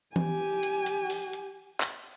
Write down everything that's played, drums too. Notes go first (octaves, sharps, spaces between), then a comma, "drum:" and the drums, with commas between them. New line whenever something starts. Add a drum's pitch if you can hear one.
G4 G#5, drum: tom E3
drum: hi-hat
drum: hi-hat
drum: open hi-hat
drum: hi-hat
drum: clap